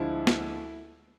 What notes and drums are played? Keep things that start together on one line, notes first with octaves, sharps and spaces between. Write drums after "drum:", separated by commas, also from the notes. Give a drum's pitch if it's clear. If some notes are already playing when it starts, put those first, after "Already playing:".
Already playing: D2 D3 F3 G#3 E4
drum: snare